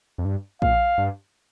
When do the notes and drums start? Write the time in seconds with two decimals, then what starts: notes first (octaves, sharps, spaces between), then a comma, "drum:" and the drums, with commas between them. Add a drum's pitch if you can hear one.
0.18 F2
0.25 G2
0.62 A#2 F5, drum: kick A#1
0.98 G2